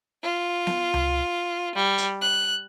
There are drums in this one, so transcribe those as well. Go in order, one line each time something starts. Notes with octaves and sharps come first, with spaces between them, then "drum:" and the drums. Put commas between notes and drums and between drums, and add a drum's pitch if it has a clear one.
F4
drum: snare B3
drum: tom C#2
G3
drum: hi-hat
F#6